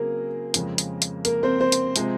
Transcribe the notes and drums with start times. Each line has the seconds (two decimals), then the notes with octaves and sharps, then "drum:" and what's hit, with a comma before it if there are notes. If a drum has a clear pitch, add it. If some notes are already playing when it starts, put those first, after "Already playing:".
Already playing: C#3 F#3 A#3 C4 G#4 A#4
0.54 F2 C#3 F3 G#3, drum: hi-hat
0.78 drum: hi-hat
1.02 drum: hi-hat
1.25 A#3 A#4, drum: hi-hat
1.43 C4 C5
1.60 C4 C5
1.72 drum: hi-hat
1.96 C3 F3 G#3 C4, drum: hi-hat